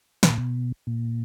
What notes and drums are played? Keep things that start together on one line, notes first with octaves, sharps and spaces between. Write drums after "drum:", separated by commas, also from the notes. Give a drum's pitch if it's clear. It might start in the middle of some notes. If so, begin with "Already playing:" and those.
B2, drum: snare
A#2
B2
A#2